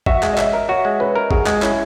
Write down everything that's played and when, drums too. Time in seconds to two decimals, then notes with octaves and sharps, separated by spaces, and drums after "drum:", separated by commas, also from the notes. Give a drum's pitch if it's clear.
0.06 F#4 E5, drum: kick
0.23 G#3, drum: clap
0.33 D#5
0.38 C#4 E5, drum: clap
0.53 A#4
0.69 F#4 C#5
0.85 G#3
1.00 C#4 B4
1.16 A#4
1.31 F#4 G#4, drum: kick
1.46 G#3, drum: clap
1.62 C#4 E4, drum: clap